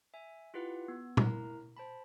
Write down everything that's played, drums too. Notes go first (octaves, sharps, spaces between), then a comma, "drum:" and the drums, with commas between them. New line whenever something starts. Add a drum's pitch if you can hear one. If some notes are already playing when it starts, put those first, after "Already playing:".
E5 G#5
E4 F4 G4 B4 F#5
B3
E4 A#4 A#5, drum: tom
C5 A5 B5